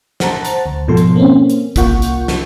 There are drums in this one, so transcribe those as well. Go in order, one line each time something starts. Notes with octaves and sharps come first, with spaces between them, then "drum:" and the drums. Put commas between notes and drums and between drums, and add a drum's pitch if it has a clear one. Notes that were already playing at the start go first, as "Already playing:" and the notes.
C5 F#5 A5 A#5 A6, drum: snare
drum: hi-hat
D2
G#2 B2 F3 A4 C6
drum: hi-hat
A#3 C4 C#4
drum: hi-hat
C2 A#3 F4 F#5 C#6 G6, drum: kick, hi-hat
drum: hi-hat
drum: snare